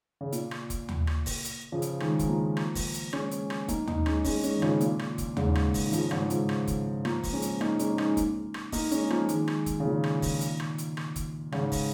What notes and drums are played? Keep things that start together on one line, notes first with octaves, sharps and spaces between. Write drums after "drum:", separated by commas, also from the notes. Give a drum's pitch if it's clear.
C#3
A#2, drum: hi-hat
drum: rim click
drum: kick, hi-hat
drum: tom
drum: rim click
drum: kick, open hi-hat
drum: hi-hat
C#3 F3
drum: hi-hat
D#3 G#3, drum: rim click
drum: kick, hi-hat
F3 A#3
drum: rim click
drum: kick, open hi-hat
drum: hi-hat
G#3 C#4, drum: rim click
drum: hi-hat
drum: rim click
A#3 D#4, drum: kick, hi-hat
A#3 D#4, drum: tom
G#3 C#4, drum: rim click
G#3 C#4, drum: kick, open hi-hat
G#3 C#4, drum: hi-hat
D#3
C#3 F3, drum: rim click
A#2, drum: hi-hat
drum: rim click
drum: kick, hi-hat
G#2 C#3, drum: tom
drum: rim click
drum: kick, open hi-hat
D#3
C#3 F3, drum: hi-hat
G#2 C#3, drum: rim click
C#3 F3, drum: hi-hat
drum: rim click
drum: kick, hi-hat
F3 A#3, drum: rim click
drum: kick, open hi-hat
G#3 C#4
drum: hi-hat
A#3 D#4, drum: rim click
G#3 C#4, drum: hi-hat
A#3 D#4, drum: rim click
drum: kick, hi-hat
drum: rim click
A#3 D#4, drum: kick, open hi-hat
G#3 C#4, drum: hi-hat
F3 A#3, drum: rim click
D#3 G#3, drum: hi-hat
drum: rim click
drum: kick, hi-hat
C#3
A#2 D#3
drum: rim click
drum: kick, open hi-hat
drum: hi-hat
drum: rim click
drum: hi-hat
drum: rim click
drum: kick, hi-hat
G#2 C#3, drum: rim click
drum: kick, open hi-hat